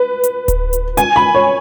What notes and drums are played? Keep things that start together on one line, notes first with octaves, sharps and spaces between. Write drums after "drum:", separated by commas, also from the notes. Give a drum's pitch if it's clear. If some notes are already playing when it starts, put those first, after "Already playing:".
Already playing: B4
drum: hi-hat
drum: kick D1, hi-hat
drum: hi-hat
G#5, drum: hi-hat
B5
C#5